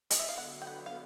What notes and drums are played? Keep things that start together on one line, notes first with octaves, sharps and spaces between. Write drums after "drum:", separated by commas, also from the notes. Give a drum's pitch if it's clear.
D#5, drum: hi-hat
E5
F5
D3 F#3 B3 F#5
G5
F#5
F5